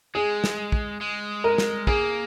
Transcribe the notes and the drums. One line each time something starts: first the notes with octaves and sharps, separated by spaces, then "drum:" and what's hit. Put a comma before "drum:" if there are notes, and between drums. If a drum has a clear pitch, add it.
G#3 G#4
drum: snare
drum: kick
G#3
A#4
drum: snare
A#3 G#4, drum: kick